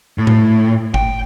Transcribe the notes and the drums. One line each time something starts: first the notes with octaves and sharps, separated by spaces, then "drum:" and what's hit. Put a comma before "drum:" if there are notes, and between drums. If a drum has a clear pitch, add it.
A2
drum: tom A2
G5, drum: kick G1